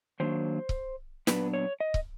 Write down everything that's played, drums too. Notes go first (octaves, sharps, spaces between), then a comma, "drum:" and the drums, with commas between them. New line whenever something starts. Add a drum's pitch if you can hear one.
D#3 F#3 A#3 D4 C5
drum: kick C#1
A#2 F#3 B3 D4 B4, drum: snare
C#5
D#5
drum: kick C#1